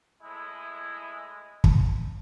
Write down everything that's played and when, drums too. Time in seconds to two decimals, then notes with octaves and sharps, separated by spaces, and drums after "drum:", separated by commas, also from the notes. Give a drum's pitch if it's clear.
0.22 A2 G#3 E4
1.64 drum: kick